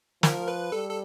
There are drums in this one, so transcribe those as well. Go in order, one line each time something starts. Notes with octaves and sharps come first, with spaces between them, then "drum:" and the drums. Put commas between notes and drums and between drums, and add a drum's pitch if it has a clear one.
F3 A#4, drum: snare
B4
G3 A4
A4